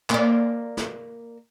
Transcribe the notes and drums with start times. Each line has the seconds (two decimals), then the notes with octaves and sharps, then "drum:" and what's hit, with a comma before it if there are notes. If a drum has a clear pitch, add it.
0.10 A#3 D5, drum: clap
0.77 drum: snare